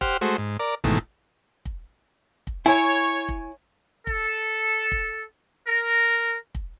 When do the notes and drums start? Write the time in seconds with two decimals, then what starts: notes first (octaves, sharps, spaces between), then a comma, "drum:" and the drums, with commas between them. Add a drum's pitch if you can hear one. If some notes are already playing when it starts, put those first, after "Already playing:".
0.01 G4 C5 F#5 F6, drum: kick
0.21 G#3 A3 F#4 C5
0.38 G#2
0.60 A#4 D5
0.84 G#2 B2 D#3 E3 A3, drum: kick
1.65 drum: kick
2.47 drum: kick
2.66 E4 C#5 G#5
3.29 drum: kick
4.07 A4, drum: kick
4.92 drum: kick
5.68 A#4
6.55 drum: kick